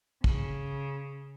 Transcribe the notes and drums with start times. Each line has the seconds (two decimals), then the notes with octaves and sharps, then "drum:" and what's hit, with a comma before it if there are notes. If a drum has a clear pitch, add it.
0.24 C#3, drum: kick